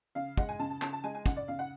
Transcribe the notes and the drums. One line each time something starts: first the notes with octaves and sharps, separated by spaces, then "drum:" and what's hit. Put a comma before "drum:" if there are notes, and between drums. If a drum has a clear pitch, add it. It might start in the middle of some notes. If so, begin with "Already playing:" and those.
C#3 F5
G#3 F#5, drum: kick
G#5
C#3 A5
A5
C#3 A5, drum: clap
A5
G#3 G#5
G#5
C#3 F#5, drum: kick, hi-hat
D5
C#3 F5
F#5